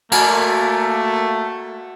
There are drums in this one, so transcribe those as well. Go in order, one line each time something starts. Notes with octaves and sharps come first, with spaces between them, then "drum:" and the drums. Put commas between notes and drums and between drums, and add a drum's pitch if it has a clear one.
A3 A#3 F#4 A#4 D5, drum: cymbal